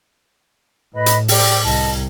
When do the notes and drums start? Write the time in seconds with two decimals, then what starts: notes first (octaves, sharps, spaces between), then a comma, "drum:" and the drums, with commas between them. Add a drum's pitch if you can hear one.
0.94 A2 B4 D#5 B5
1.06 drum: hi-hat
1.28 G4 D5 G5, drum: open hi-hat
1.64 C2 D#5 A5